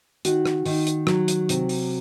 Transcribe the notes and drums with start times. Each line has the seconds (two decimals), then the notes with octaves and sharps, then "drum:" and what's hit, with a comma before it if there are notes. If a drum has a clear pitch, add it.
0.25 D#3 F#4, drum: hi-hat
0.46 drum: rim click
0.66 D#3, drum: open hi-hat
0.87 drum: hi-hat
1.07 F#3, drum: rim click
1.28 drum: hi-hat
1.49 C3, drum: hi-hat
1.69 drum: open hi-hat